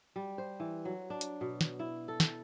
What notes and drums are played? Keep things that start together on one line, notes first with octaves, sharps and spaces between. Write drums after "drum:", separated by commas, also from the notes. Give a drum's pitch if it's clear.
G3
C5
E3
F#3
D4
drum: hi-hat
B2
drum: snare
E4
A4
drum: snare